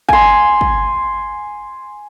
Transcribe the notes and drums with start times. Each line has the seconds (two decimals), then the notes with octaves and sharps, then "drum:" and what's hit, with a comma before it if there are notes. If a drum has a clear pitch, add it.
0.09 G#5 C6, drum: kick
0.61 drum: kick